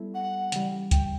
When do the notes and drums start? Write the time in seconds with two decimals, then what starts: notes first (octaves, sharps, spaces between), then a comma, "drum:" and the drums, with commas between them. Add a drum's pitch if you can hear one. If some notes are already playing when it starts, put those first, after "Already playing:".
Already playing: G3 B3 E4 A4
0.14 F#5
0.52 C#3 E3 G3, drum: hi-hat
0.91 G5, drum: kick C#2, hi-hat